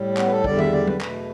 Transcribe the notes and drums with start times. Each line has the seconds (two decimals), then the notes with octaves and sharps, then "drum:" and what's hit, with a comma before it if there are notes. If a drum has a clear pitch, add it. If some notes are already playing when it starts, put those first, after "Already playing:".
Already playing: A2 G3
0.17 B3, drum: clap
0.27 B4
0.31 A4
0.44 E2 D3 G3 D5, drum: kick
0.59 E5, drum: tom D#3
0.72 D5
0.87 B4, drum: tom F#3
1.01 E2 B2 A3 B4, drum: clap